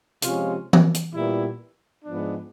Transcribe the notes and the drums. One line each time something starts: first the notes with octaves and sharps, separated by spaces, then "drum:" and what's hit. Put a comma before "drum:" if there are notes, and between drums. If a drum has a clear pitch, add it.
C3 F3 G#3 C#4 F4, drum: hi-hat
drum: tom E3
drum: hi-hat
A#2 G3 B3 E4
G#2 F3 G#3 B3 D4